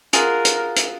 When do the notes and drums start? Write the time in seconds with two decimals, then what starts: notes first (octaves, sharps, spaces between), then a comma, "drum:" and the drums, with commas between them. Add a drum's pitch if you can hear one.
0.13 F4 G#4 A#4 D#5 F#5, drum: hi-hat
0.45 drum: hi-hat
0.76 drum: hi-hat